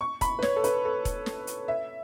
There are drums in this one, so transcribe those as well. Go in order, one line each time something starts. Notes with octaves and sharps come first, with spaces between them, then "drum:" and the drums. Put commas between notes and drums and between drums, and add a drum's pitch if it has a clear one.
C#6
B5, drum: kick E1, hi-hat
B4
C#5, drum: snare
A4
B4, drum: hi-hat
A4
drum: kick E1, hi-hat
drum: snare
drum: hi-hat
E5